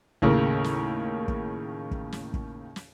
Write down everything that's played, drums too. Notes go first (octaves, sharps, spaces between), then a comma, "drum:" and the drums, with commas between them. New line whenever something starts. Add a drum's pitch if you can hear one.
D#2 A2 C#3 A#4, drum: kick
drum: snare
drum: kick
drum: kick
drum: snare
drum: kick
drum: snare